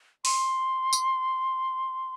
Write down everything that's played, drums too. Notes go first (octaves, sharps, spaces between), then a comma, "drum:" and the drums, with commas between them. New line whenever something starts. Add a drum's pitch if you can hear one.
C6, drum: open hi-hat
drum: tambourine